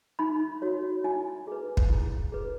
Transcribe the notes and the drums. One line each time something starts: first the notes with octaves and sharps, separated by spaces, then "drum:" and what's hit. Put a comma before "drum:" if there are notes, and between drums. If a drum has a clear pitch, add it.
D#4 B5
F#4 C#5
E4 G#5
G#4 B4
drum: kick
E4
G#4 B4